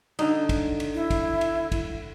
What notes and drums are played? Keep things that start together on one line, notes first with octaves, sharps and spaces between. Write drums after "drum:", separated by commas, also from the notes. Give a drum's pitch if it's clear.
D3 D#4, drum: cymbal
drum: kick, cymbal
drum: cymbal
E4
drum: kick, cymbal
drum: cymbal
drum: kick, cymbal